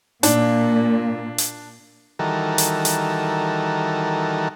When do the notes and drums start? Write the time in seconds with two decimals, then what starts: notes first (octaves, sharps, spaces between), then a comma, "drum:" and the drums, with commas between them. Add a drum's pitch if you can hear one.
0.23 A#2 D4, drum: hi-hat
1.38 drum: hi-hat
2.19 D#3 E3 G3 F#4 A4 A#4
2.58 drum: hi-hat
2.85 drum: hi-hat